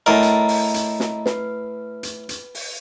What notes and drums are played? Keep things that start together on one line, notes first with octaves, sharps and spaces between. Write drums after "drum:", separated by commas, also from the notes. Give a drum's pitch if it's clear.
A2 A#4 D#5 A#5
drum: hi-hat
drum: open hi-hat
drum: hi-hat
drum: snare
B4, drum: snare
drum: hi-hat
drum: hi-hat
drum: open hi-hat